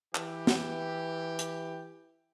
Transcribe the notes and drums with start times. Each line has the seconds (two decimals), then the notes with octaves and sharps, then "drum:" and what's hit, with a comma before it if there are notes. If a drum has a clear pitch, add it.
0.15 E3 G4, drum: clap
0.47 drum: snare
1.39 drum: hi-hat